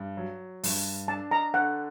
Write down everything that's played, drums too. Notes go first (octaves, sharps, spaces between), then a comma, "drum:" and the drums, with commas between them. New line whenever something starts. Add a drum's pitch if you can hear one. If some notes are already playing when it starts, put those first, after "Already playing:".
Already playing: G2
F#3
G2, drum: open hi-hat
D4 A5
A#5
D3 F#5